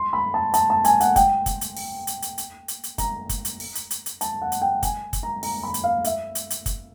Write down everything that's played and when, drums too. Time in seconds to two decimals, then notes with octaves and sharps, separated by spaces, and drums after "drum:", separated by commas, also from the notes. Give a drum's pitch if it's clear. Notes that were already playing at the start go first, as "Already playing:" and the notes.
Already playing: C6
0.13 B5
0.34 A5
0.54 A5, drum: hi-hat
0.70 A5
0.84 G#5, drum: hi-hat
1.00 F#5, drum: hi-hat
1.16 G5, drum: kick, hi-hat
1.46 drum: kick, hi-hat
1.61 drum: hi-hat
1.77 drum: open hi-hat
2.07 drum: hi-hat
2.22 drum: hi-hat
2.38 drum: hi-hat
2.68 drum: hi-hat
2.84 drum: hi-hat
2.98 A#5, drum: kick, hi-hat
3.29 drum: kick, hi-hat
3.45 drum: hi-hat
3.60 drum: open hi-hat
3.75 drum: hi-hat
3.91 drum: hi-hat
4.06 drum: hi-hat
4.21 A5, drum: hi-hat
4.42 F#5
4.52 drum: hi-hat
4.62 G5
4.83 G#5, drum: kick, hi-hat
5.13 drum: kick, hi-hat
5.23 A#5
5.43 A#5, drum: open hi-hat
5.63 B5
5.74 drum: hi-hat
5.84 F5
6.04 E5, drum: hi-hat
6.35 drum: hi-hat
6.50 drum: hi-hat
6.66 drum: kick, hi-hat